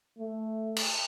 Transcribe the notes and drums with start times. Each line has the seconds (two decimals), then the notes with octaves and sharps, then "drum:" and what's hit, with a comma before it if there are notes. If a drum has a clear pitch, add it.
0.18 A3
0.76 drum: cymbal